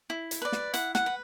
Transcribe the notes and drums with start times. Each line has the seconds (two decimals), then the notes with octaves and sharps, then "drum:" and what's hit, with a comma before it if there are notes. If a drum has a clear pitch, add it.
0.10 E4
0.31 drum: hi-hat
0.42 B4 D5
0.52 drum: snare
0.74 E4 F#5, drum: hi-hat
0.95 F#5, drum: snare
1.06 B4